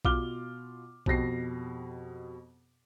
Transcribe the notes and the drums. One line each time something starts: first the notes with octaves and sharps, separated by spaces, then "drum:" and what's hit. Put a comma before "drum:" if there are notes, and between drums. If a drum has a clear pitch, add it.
B2 F4 D6 F6 G7, drum: kick B1
F2 B2 G4 A#6 C7, drum: kick B1